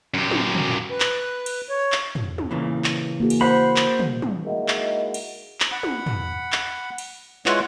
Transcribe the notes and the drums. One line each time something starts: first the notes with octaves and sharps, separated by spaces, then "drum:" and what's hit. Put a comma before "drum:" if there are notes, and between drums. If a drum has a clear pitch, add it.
F#2 G4
drum: tom
drum: tom
B4
drum: clap
drum: cymbal
C#5
drum: clap
drum: tom
drum: tom
A#2 C#3 E3
drum: clap
A#3 F#4 G#4
drum: cymbal
A#3 A#4 C5 F#5 B5
drum: clap
drum: tom
drum: tom
G#3 A#3 D#4 E4 F#4
drum: clap
drum: cymbal
drum: clap
F#5 B5
drum: tom
drum: tom
drum: clap
drum: cymbal
G#3 E4 F4 B4 C#5 F#5, drum: clap